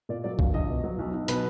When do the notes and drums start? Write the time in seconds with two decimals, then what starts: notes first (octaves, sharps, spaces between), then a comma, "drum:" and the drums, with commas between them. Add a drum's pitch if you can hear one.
0.09 A#2 D5
0.24 F#3 D5
0.39 A#1 F5, drum: kick A#1
0.54 A#1 D#5
0.69 B2
0.84 F#3
0.99 B1
1.13 B1
1.28 B2 B4, drum: hi-hat